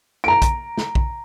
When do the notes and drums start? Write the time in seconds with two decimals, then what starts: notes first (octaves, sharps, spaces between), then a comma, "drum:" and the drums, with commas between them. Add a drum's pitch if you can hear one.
0.24 A#5 D7
0.42 drum: kick, hi-hat
0.78 drum: snare
0.95 drum: kick